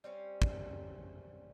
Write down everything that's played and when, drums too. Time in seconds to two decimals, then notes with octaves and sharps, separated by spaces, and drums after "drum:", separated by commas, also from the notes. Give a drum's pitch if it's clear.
0.04 G3 C4 C#4
0.42 drum: kick